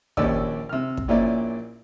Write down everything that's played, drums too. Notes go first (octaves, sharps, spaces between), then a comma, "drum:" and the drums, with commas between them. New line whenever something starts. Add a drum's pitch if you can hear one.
A#1 D#2 C#4 G4 D5 E6, drum: kick
C3 F6
drum: kick
A#1 A#2 C#4 E4 D5